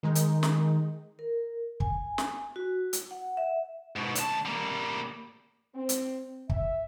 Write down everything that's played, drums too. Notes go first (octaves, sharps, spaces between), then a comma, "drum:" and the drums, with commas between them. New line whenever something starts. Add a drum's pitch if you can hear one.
D#3 G#3 D#4
drum: hi-hat
drum: snare
A#4
G#5, drum: kick
drum: snare
F#4
drum: hi-hat
F#5
E5
G#2 B2
C#2 A5, drum: hi-hat
G3 A#3
C4
drum: hi-hat
E5, drum: kick